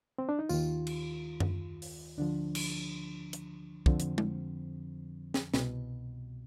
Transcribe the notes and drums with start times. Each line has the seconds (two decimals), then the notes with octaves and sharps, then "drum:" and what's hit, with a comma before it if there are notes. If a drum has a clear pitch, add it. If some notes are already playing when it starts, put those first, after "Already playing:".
0.18 C4
0.29 D4
0.39 D#4
0.49 D#2 D#3 F4, drum: tambourine
0.87 drum: cymbal
1.40 drum: tom F#2
1.82 drum: open hi-hat
2.17 D2 D3 F3 D4
2.55 drum: cymbal
3.33 drum: hi-hat
3.86 F2 D3 F3 C4, drum: kick
4.00 drum: hi-hat
4.18 drum: tom G#3
5.34 drum: snare
5.54 C2 B2, drum: snare